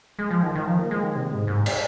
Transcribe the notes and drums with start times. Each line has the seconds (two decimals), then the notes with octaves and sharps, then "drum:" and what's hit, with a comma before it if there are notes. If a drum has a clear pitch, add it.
0.19 G#3
0.31 F3
0.43 D#3
0.55 D#3
0.67 F3
0.79 A#3
0.91 G#3
1.03 D#3
1.16 C3
1.31 G#2
1.47 G#2
1.66 drum: cymbal